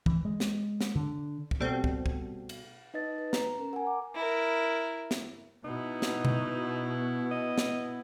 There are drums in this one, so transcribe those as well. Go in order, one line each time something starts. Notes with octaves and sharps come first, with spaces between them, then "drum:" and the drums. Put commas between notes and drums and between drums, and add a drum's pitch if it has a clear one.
E3, drum: kick
G#3
drum: snare
drum: snare
D3
drum: kick
B2 G3 A3 C4
drum: kick
drum: kick
drum: cymbal
D#4 B4 D#5 A6
B4
A#5, drum: snare
C#4 A#4
A#4 F#5 G#5 A#5
D6
E4 A#4
drum: snare
B2 B3 D#4 E4
drum: snare
drum: tom B2
D#5
drum: snare